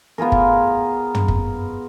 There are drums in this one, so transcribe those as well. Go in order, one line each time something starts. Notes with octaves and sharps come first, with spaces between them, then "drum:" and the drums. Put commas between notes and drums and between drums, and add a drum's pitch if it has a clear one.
B3 F4 G#4 A#4
drum: kick
drum: tom
drum: kick